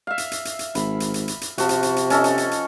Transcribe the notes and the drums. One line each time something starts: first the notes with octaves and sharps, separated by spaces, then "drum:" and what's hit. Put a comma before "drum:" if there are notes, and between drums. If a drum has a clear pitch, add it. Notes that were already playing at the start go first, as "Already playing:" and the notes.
E5 F5
drum: hi-hat
drum: hi-hat
drum: hi-hat
drum: hi-hat
G#1 B5, drum: hi-hat
drum: hi-hat
drum: hi-hat
drum: hi-hat
drum: hi-hat
C3 F3 F#4, drum: hi-hat
drum: hi-hat
drum: hi-hat
drum: hi-hat
C#4 A4 D#5, drum: hi-hat
drum: hi-hat
drum: hi-hat
drum: hi-hat